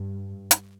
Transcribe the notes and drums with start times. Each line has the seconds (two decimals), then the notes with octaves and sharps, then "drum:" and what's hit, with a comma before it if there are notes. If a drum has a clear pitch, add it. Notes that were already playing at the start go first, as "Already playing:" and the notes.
Already playing: G2
0.51 drum: hi-hat